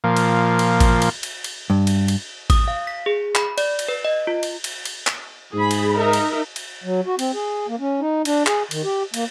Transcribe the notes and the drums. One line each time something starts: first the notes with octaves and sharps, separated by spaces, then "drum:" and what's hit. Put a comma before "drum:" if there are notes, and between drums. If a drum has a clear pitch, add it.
A#2 F3
drum: cymbal
drum: cymbal
drum: kick A1, cymbal
drum: cymbal
drum: cymbal
drum: cymbal
G2
drum: cymbal
drum: cymbal
D#6, drum: kick A1, cymbal
F5
B6
G#4
B5, drum: clap
D5, drum: cymbal
drum: cymbal
B4
D#5
F4
drum: cymbal
drum: cymbal
drum: cymbal
drum: clap
G#2 G#4 B5
drum: cymbal
D#4 A#4 E5
drum: cymbal
drum: cymbal
F#3
F#4
C4, drum: cymbal
G#4
A#3
C#4
D#4
D4, drum: cymbal
G#4, drum: clap
D#3, drum: cymbal
G4
A#3, drum: cymbal